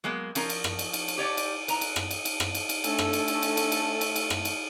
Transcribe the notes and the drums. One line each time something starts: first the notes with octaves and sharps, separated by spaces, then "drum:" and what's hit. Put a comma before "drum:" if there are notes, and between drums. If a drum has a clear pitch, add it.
F#3 G#3 A#3 B3
F3 C#4 A#4, drum: cymbal
drum: cymbal
drum: rim click
drum: cymbal
drum: cymbal
drum: cymbal
G4 C#5 D5
drum: cymbal
B4 A#5, drum: cymbal
drum: cymbal
drum: rim click
drum: cymbal
drum: cymbal
drum: rim click
drum: cymbal
drum: cymbal
A3 C#4 D4 A4, drum: cymbal
drum: rim click
drum: cymbal
drum: cymbal
drum: cymbal
drum: cymbal
drum: cymbal
drum: cymbal
drum: cymbal
drum: rim click
drum: cymbal